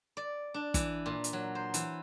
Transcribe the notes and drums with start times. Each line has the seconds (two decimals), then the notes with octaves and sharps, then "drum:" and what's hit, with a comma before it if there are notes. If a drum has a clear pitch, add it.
0.17 D5
0.54 D4
0.74 E3, drum: kick, hi-hat
1.06 A#2
1.24 drum: hi-hat
1.33 F#3
1.55 C5
1.74 E3, drum: hi-hat